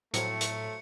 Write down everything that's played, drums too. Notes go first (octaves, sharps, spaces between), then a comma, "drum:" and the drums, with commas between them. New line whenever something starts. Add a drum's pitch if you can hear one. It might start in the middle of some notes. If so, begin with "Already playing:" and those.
A2 F3 F#3 A3 C4 C#7, drum: hi-hat
drum: hi-hat